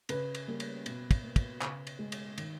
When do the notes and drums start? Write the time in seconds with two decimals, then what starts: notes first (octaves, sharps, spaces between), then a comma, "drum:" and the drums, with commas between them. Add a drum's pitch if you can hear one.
0.09 C#3 B4, drum: cymbal
0.35 drum: cymbal
0.48 G3 A#3
0.60 drum: cymbal
0.86 B2, drum: cymbal
1.11 drum: kick, cymbal
1.23 A#3
1.36 drum: kick, cymbal
1.61 C#3, drum: clap
1.87 drum: cymbal
1.99 G#3
2.12 drum: cymbal
2.38 D#3, drum: cymbal